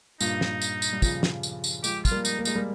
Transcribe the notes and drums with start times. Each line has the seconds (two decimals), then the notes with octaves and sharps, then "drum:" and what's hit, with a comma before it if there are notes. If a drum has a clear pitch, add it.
0.21 G2 A#2 D#4, drum: tambourine
0.41 drum: snare
0.62 drum: tambourine
0.82 drum: tambourine
0.93 G3
1.02 C#3 F3, drum: kick, tambourine
1.23 drum: snare
1.43 drum: tambourine
1.64 drum: tambourine
1.84 F3 G#3 G4, drum: tambourine
2.05 F4, drum: kick, tambourine
2.11 G3 A#3
2.25 D#4, drum: tambourine
2.39 A#3
2.45 G#3 D#4, drum: tambourine
2.55 G3 A#3